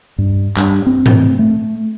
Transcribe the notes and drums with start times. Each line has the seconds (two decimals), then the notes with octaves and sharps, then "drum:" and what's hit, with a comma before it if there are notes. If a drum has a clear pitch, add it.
0.18 G2
0.57 G2, drum: clap
0.86 C4
1.06 drum: tom G#2
1.39 A3